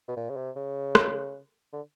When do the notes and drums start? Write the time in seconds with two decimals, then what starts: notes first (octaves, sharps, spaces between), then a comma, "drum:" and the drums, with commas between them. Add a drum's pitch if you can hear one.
0.08 B2
0.17 A#2
0.30 C#3
0.36 C3
0.56 C#3
0.95 drum: rim click
1.73 D3